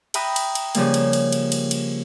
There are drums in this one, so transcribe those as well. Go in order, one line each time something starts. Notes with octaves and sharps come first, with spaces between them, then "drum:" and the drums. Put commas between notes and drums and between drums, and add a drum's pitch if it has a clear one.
E5 G5 A#5 B5 D#6 F#6, drum: cymbal
drum: cymbal
drum: cymbal
C#3 F3 G3 A#3, drum: cymbal
drum: cymbal
drum: cymbal
drum: cymbal
drum: cymbal
drum: cymbal